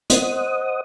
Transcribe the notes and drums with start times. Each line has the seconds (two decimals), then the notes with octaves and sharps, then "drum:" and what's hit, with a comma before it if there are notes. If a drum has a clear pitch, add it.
0.10 C5 D#5 F#5 D#6, drum: hi-hat